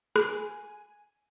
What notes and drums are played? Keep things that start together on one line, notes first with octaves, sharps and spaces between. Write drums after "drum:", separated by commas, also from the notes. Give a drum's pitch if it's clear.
G#5, drum: rim click